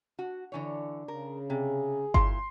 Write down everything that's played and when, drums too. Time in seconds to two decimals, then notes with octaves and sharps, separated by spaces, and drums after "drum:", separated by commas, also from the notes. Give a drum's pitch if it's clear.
0.19 F#4
0.52 D3 E3 C#5
1.08 C#3 A#4
1.50 C3 G#4
2.14 A#2 E4 F5 C6, drum: kick G1